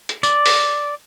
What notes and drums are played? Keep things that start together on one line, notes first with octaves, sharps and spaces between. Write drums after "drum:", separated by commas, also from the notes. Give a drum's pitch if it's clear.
drum: hi-hat
D5, drum: tambourine
drum: open hi-hat